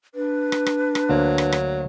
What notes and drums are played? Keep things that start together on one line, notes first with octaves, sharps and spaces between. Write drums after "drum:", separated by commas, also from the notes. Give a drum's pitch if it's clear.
D4 B4
drum: rim click
drum: rim click
drum: rim click
D2 F#3 A#3 C5
drum: rim click
drum: rim click